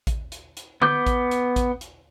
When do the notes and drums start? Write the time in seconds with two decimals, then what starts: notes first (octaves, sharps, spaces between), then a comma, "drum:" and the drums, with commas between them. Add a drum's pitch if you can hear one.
0.07 drum: kick A1, hi-hat
0.32 drum: hi-hat
0.57 drum: hi-hat
0.82 B3 D6 G6, drum: tom D3
1.06 drum: kick A1, hi-hat
1.31 drum: hi-hat
1.56 drum: kick A1, hi-hat
1.81 drum: hi-hat